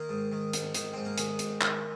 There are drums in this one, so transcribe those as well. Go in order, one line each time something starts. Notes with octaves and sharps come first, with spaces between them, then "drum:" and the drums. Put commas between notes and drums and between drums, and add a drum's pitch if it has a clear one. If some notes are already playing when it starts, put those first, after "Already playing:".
Already playing: D#3 A#3
G#2
D#3
G#2, drum: hi-hat
D#3, drum: hi-hat
G#2 C4
A#3
D#3 G#3, drum: hi-hat
G#2, drum: hi-hat
D#3, drum: clap